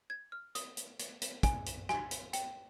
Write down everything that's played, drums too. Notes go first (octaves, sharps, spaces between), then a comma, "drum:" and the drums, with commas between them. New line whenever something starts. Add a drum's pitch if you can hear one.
G#6
F6
D#6, drum: hi-hat
drum: hi-hat
drum: hi-hat
drum: hi-hat
G#5, drum: kick, hi-hat
drum: hi-hat
G#5, drum: rim click
drum: hi-hat
G5, drum: hi-hat